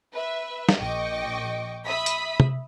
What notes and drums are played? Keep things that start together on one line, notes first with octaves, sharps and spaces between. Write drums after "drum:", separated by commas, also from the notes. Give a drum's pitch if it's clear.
B4 E5
drum: snare
A#1 D#5 G5 C#6 D6
E5 B5 D#6 B6
drum: hi-hat
drum: tom